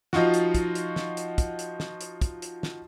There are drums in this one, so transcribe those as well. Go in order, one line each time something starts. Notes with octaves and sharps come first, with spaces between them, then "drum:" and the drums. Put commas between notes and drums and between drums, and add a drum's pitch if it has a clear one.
F3 D#4 F4 F#4, drum: snare
drum: hi-hat
drum: kick, hi-hat
drum: hi-hat
drum: snare
drum: hi-hat
drum: kick, hi-hat
drum: hi-hat
drum: snare
drum: hi-hat
drum: kick, hi-hat
drum: hi-hat
drum: snare